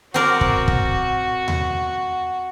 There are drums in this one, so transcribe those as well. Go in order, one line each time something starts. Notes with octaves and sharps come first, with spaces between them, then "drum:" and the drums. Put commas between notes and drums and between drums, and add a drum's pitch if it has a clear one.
C4 F#4 A#4 D5
drum: kick
drum: kick
drum: tom D#2